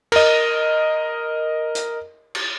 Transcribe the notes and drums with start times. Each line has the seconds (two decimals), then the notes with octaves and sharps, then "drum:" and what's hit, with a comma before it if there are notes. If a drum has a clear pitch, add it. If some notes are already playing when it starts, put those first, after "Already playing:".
0.12 A#4 D#5, drum: cymbal
1.75 drum: hi-hat
2.35 drum: cymbal